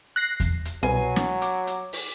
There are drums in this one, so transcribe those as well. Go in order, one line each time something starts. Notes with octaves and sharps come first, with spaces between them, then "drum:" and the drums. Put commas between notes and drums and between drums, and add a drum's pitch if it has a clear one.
F#6 A#6 C7
drum: kick E2, hi-hat
drum: hi-hat
C2 B2 F#3 B4 G#5 C7
drum: snare
D6, drum: hi-hat
drum: hi-hat
drum: open hi-hat